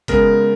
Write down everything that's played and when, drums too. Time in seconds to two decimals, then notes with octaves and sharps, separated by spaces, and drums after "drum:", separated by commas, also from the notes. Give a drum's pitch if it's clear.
0.08 C#3 G#3 B3 A#4, drum: kick G1, hi-hat